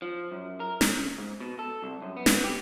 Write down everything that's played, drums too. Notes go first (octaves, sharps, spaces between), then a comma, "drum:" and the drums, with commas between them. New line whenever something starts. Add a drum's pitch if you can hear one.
F3
F#2
A#4
C#3, drum: snare
G#2
B2
A4
C2
F#2
B3
drum: snare
G4